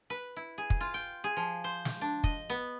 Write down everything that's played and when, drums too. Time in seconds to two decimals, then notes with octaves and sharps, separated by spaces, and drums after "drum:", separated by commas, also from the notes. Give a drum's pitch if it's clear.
0.10 B4
0.36 E4
0.58 G#4
0.70 drum: kick
0.81 F4
0.94 G5
1.24 G#4
1.37 F3
1.64 C5
1.85 drum: snare
2.01 D4
2.24 D#5, drum: kick
2.50 B3